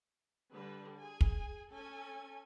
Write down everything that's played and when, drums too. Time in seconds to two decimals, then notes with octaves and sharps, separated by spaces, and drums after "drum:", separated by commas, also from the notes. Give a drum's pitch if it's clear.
0.53 D3 G3 B4
0.99 G#4 G#5
1.21 drum: kick
1.73 C#4 A4 G#5